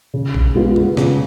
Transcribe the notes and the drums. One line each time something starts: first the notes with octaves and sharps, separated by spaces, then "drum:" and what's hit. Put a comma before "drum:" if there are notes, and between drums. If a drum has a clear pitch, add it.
C#3
drum: kick A#1
G#3 B3 F4 G#4
drum: tom F#2
C#3, drum: snare